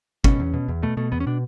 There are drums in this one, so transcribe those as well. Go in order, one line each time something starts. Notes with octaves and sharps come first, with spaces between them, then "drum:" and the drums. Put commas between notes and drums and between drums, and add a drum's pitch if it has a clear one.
B2 C#4, drum: kick
E2
B2
E2
B2 A3
B2 A3
E2 B3
C#4
B2 D4